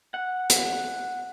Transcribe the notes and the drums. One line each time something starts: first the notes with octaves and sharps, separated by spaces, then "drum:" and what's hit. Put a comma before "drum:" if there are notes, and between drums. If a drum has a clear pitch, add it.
F#5
drum: hi-hat